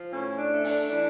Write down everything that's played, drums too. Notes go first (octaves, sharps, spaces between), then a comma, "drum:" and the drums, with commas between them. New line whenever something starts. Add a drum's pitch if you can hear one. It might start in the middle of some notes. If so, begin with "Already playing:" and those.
Already playing: F3
A2 C#4
D4
A3
D4, drum: open hi-hat
E3 D4